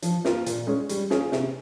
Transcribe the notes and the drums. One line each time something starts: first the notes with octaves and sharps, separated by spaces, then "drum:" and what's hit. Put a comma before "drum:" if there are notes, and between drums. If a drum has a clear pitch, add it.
F3, drum: hi-hat
A#3 F4 A#4, drum: snare
A#2, drum: hi-hat
G#3 C#4 G#4
G3, drum: hi-hat
C#4 F4 G#4, drum: snare
C3, drum: snare